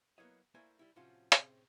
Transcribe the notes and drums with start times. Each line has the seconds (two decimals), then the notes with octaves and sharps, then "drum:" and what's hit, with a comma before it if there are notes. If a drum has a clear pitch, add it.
0.18 F#3 A#3 B3 E4 C#5 D#5
0.54 A3 A#3 E4 C5 D5 G#5
0.79 G3 E4
0.96 A2 C3 F3 C#4 F4 F#4
1.32 A2 C3 C4 C#4 G#4, drum: hi-hat